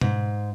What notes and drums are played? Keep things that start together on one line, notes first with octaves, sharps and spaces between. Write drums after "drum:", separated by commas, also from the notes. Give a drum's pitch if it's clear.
G#2, drum: tom B2